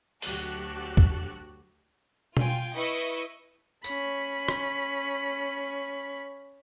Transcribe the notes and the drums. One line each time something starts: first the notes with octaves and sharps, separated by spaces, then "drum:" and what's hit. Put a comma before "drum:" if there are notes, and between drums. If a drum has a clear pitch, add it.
D2 F#3 F#4 G4 A4 F#6, drum: open hi-hat
drum: kick
F4 G5 G#5, drum: tom B2
E4 B4 D#5 C#6 E6
C#4 B5, drum: tambourine
drum: rim click